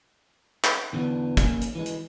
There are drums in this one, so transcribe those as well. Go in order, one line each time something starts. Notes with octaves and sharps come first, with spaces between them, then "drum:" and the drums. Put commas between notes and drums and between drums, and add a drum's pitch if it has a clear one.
drum: clap
E2 D3 E3 B3 D4
A#3 C#4, drum: kick, hi-hat
drum: hi-hat
E3 G#3
drum: hi-hat